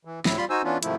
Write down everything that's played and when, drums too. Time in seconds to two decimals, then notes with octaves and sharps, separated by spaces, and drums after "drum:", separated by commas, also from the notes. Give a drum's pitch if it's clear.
0.05 E3
0.25 D2 A2 E4, drum: snare
0.37 G3 F4 B5 C6
0.50 D#4 F#4 C5 G#5 E6
0.64 E3 B3 C#4 D4 F4
0.83 G#2 C3 D#3 F3 A3 E4, drum: hi-hat